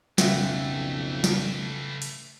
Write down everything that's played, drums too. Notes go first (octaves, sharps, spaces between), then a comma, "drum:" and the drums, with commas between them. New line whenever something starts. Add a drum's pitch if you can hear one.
B1 F2 C#3 E3 A3 E5 F#5 G5, drum: snare
drum: snare
drum: open hi-hat